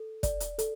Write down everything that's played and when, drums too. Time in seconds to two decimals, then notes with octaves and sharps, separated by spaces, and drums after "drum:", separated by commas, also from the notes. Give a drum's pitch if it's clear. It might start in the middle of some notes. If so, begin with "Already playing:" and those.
Already playing: A4
0.23 D5, drum: kick, hi-hat
0.40 drum: hi-hat
0.59 A4, drum: hi-hat